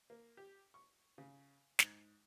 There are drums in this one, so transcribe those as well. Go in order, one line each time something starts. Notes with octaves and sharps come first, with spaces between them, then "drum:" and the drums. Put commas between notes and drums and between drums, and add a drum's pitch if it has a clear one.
A#3
G4
C#6
C#3
G#2, drum: snare